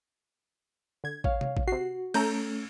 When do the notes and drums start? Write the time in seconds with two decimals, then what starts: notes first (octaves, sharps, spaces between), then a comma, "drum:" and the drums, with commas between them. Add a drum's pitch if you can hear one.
1.04 D3 G#6
1.24 C#5 F5, drum: kick A1
1.41 drum: tom C3
1.57 drum: kick A1
1.68 C3 F#4 C7
2.14 A3 C#4 A4 A#5 G6, drum: cymbal